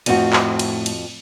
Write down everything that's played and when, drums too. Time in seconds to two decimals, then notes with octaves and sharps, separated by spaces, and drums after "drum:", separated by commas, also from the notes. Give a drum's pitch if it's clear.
0.06 F2 A2 C4 F#4 D#7, drum: cymbal
0.33 drum: clap
0.59 drum: cymbal
0.86 drum: cymbal